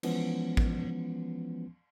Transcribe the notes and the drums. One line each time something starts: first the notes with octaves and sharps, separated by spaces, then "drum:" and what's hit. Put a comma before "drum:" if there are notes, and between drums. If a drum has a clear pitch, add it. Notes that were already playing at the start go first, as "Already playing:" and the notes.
E3 F3 G#3 B3 C#4, drum: cymbal
drum: kick A1